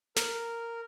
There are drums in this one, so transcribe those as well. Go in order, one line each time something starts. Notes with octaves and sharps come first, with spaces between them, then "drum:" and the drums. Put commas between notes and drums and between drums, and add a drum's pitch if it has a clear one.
A#4, drum: snare